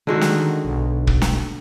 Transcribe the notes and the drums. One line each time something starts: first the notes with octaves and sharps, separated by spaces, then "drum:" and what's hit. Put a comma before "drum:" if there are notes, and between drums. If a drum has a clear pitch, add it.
D3 D#3 G#3 F#4
drum: snare
B1
drum: kick
drum: snare